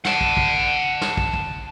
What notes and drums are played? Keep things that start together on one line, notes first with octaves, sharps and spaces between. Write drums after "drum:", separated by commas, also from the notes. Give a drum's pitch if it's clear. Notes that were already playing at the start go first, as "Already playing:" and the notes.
F#5 A5, drum: snare
drum: kick
drum: kick
drum: snare
drum: kick
drum: kick